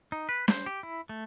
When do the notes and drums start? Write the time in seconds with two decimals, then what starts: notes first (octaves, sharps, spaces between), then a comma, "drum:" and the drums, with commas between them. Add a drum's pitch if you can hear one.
0.12 D#4
0.29 B4
0.48 C5, drum: snare
0.66 G4
0.83 E4
1.09 A3